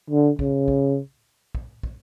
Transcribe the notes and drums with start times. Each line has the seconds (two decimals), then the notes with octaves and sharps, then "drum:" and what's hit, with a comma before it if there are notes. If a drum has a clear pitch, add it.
0.10 D3
0.39 C#3, drum: kick
0.68 drum: kick
1.55 drum: kick
1.83 drum: kick